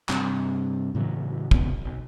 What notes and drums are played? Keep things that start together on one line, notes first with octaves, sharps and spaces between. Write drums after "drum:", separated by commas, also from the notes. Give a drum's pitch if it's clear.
G2 C3, drum: clap
A2 C#3 E3 F#3
E2 G#2 C#3 B3, drum: kick
E1 B1